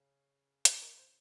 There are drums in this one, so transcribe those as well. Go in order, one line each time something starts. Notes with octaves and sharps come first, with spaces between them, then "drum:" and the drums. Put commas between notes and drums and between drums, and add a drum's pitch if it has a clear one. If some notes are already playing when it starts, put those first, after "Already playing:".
Already playing: C#3
G#4, drum: hi-hat
A#4
C5